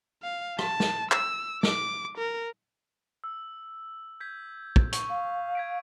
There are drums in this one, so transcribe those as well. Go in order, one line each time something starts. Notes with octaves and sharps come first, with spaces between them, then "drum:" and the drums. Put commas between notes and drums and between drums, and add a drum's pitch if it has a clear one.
F5
A5, drum: rim click
drum: snare
E6, drum: clap
D6, drum: snare
A#4
E6
G6 G#6 B6
drum: kick
C#6, drum: hi-hat
F5
G#6 B6 D7